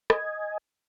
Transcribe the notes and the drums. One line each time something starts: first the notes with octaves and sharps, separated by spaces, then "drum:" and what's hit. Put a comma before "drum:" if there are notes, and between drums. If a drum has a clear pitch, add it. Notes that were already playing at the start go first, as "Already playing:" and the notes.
D#5 G#5, drum: rim click